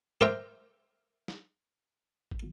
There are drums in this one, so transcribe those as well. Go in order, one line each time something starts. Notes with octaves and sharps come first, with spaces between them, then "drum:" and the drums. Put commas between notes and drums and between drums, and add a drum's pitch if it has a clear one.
G4 A#4 C5 E5 G5, drum: tom
drum: snare
drum: kick